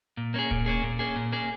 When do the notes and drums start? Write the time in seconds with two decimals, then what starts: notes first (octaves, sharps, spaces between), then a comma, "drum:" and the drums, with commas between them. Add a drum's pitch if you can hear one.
0.17 A#2
0.34 A#3 C#4 G#4
0.51 A#2, drum: kick D1
0.66 A#3 C#4 G#4
0.83 A#2
0.99 A#3 C#4 G#4
1.16 A#2
1.32 A#3 C#4 G#4